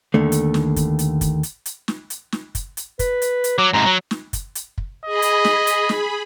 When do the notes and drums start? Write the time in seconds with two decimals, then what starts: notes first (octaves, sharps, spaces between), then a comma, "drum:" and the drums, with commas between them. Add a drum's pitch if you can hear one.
0.14 D#2 D3 A3
0.32 drum: hi-hat
0.54 drum: snare
0.76 drum: kick, hi-hat
0.99 drum: hi-hat
1.21 drum: kick, hi-hat
1.43 drum: hi-hat
1.66 drum: hi-hat
1.88 drum: snare
2.10 drum: hi-hat
2.32 drum: snare
2.55 drum: kick, hi-hat
2.77 drum: hi-hat
2.99 B4, drum: kick, hi-hat
3.22 drum: hi-hat
3.44 drum: hi-hat
3.58 F#3 D6
3.73 G#2 C3 A#5
3.85 F#3
4.11 drum: snare
4.33 drum: kick, hi-hat
4.55 drum: hi-hat
4.78 drum: kick
5.06 G#4 D#5 B5
5.22 drum: hi-hat
5.44 drum: snare
5.67 drum: hi-hat
5.89 drum: snare